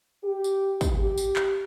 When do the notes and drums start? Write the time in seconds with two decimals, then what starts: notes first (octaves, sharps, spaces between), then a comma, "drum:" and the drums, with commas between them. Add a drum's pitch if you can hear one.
0.24 G4
0.44 drum: tambourine
0.81 drum: kick, tambourine
0.99 G4
1.18 drum: tambourine
1.36 drum: clap